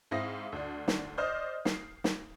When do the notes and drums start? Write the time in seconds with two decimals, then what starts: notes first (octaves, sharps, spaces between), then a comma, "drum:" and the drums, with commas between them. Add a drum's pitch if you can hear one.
0.11 G#2 C4 E4 F5 D#6 A#6
0.52 D2 D4
0.88 drum: snare
1.18 C5 D5 D#5 D#6 F6 G6
1.65 C7, drum: snare
2.04 drum: snare